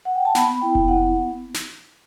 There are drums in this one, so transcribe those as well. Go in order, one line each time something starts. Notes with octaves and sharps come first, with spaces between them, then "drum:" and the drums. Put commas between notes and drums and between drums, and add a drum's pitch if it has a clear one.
F#5
G5
A5
B3 B5, drum: snare
E4 G5
drum: kick F1
B3 F#5
drum: snare